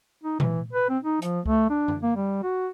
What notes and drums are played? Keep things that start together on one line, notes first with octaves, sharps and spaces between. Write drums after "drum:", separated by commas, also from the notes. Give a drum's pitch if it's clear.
D#4
E3, drum: tom A#2
B4
C4
D#4
F3, drum: hi-hat
A3, drum: kick C#2
D4
drum: tom F#2
A#3
G3
F#4